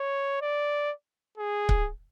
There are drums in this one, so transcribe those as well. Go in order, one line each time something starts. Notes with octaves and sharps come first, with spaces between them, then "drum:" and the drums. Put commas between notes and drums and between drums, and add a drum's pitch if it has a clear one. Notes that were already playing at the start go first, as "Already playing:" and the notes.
Already playing: C#5
D5
G#4
drum: kick C#1